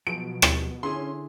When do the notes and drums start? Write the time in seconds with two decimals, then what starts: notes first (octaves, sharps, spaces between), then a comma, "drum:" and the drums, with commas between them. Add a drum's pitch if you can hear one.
0.07 B2 F3 F#3 D7
0.42 drum: rim click
0.83 D3 C#4 E4 G#4 C6